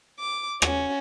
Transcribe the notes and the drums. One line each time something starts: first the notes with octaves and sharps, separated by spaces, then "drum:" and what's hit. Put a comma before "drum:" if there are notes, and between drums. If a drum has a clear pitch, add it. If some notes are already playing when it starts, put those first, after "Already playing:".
D6
C#4 F#4, drum: rim click